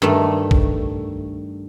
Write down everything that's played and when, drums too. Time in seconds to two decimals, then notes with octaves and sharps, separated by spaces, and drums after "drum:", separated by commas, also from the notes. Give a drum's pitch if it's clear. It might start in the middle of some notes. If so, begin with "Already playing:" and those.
0.02 G2 D#3 A3
0.51 drum: kick